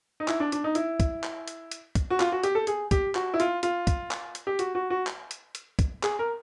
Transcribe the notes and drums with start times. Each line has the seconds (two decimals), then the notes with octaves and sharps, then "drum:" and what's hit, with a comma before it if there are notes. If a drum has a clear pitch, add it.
0.20 D#4
0.28 E4, drum: clap
0.40 D4
0.52 D4, drum: hi-hat
0.64 D#4
0.75 E4, drum: hi-hat
1.00 drum: kick, hi-hat
1.24 drum: clap
1.48 drum: hi-hat
1.71 drum: hi-hat
1.95 drum: kick, hi-hat
2.10 F#4
2.20 F4, drum: clap
2.32 F#4
2.43 G4, drum: hi-hat
2.55 A4
2.67 G#4, drum: hi-hat
2.91 G4, drum: kick, hi-hat
3.15 F#4, drum: clap
3.34 E4
3.40 F4, drum: hi-hat
3.63 F4, drum: hi-hat
3.87 drum: kick, hi-hat
4.11 drum: clap
4.35 drum: hi-hat
4.47 G4
4.59 F#4, drum: hi-hat
4.75 F#4
4.90 F#4
5.07 drum: clap
5.31 drum: hi-hat
5.55 drum: hi-hat
5.79 drum: kick, hi-hat
6.03 G#4, drum: clap
6.19 A#4